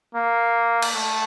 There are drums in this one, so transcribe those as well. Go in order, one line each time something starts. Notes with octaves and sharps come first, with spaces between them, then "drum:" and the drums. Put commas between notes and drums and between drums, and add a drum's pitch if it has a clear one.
A#3
drum: cymbal
A3